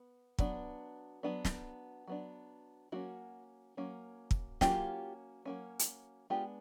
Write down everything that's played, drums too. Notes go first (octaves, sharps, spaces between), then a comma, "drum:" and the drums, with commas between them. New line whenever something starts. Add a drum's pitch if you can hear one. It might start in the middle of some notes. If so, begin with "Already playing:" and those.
Already playing: B3
F#3 B3 D4, drum: kick
F#3 B3 D4
drum: snare
F#3 B3 D4
F#3 A#3 C#4 E4 F#4
F#3 A#3 C#4
drum: kick
F#3 A#3 C#4 F4 G4, drum: snare
F#3 A#3 C#4
drum: hi-hat
G#3 B3 D4 F4 G4